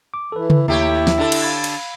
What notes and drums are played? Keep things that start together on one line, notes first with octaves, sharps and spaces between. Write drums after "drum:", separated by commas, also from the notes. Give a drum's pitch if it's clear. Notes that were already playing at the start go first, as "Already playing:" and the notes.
D6
E3 A4 B4
drum: tom C#3
D#2 A3 E4 G4 C#5
drum: snare
D3 A4
drum: cymbal
F5 B5 G#6
drum: cymbal